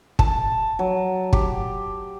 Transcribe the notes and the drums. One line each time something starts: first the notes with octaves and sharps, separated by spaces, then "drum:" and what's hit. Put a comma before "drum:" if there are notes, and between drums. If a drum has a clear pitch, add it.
A5, drum: kick
F#3
G4, drum: kick